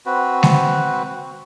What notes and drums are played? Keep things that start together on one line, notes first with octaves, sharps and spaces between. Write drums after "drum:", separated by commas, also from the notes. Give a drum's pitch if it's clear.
C4 F#4 B4
drum: snare G#3